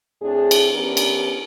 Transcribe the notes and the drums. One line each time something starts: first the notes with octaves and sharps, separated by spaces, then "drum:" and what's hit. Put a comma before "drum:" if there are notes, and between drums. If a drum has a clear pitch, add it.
A2 C4 D4 G#4
drum: cymbal
E3 B3 C#4 D4 G4 A#4
drum: cymbal